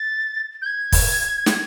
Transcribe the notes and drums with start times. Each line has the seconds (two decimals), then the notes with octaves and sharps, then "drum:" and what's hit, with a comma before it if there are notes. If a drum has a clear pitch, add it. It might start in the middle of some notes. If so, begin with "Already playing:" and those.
Already playing: A6
0.62 G6
0.66 G#6
0.92 drum: kick, open hi-hat
1.46 drum: snare